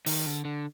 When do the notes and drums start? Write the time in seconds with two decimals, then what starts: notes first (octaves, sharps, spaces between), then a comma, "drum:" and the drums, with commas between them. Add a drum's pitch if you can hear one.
0.06 D#3, drum: open hi-hat
0.26 D3
0.45 D3